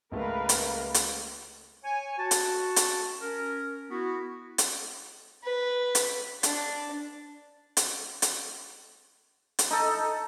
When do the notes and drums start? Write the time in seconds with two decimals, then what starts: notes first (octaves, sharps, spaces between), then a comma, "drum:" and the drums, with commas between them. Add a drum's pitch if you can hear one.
0.12 C#2 A3 A#3 A#4 B4 F5
0.49 drum: hi-hat
0.94 drum: hi-hat
1.84 C#5 G#5
2.18 F#4 A5
2.31 drum: hi-hat
2.76 drum: hi-hat
3.21 C#4 A#4
3.90 B3 E4 F#4
4.58 drum: hi-hat
5.44 B4
5.95 drum: hi-hat
6.43 D4, drum: hi-hat
7.77 drum: hi-hat
8.22 drum: hi-hat
9.59 drum: hi-hat
9.71 D#4 A4